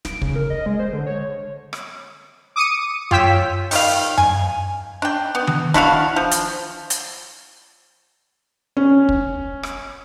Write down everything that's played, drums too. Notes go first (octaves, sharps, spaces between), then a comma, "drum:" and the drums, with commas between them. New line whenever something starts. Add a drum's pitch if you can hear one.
D7, drum: snare
C#3, drum: kick
A#4
D#5
G#3
C5
D3
C#5
drum: rim click
D6 D#6 C#7 D#7
F4 C#5 G5 E6 B6, drum: tom F#2
D#3 G3 F5, drum: open hi-hat
G#5, drum: tom F#2
D4 G5
B3
drum: tom D#3
D4 E4 F#4 F5, drum: snare
F3
drum: hi-hat
drum: hi-hat
C#4
drum: kick
drum: rim click